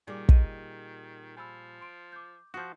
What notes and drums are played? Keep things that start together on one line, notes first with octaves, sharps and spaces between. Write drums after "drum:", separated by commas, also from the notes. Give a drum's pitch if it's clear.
A#2 D#3 G3 G#4 D5 D6
D#5 D#7, drum: kick
F3 G#5 B5 E6
C6 D7
D6 G6
F3 F4 F#4 D#6 G6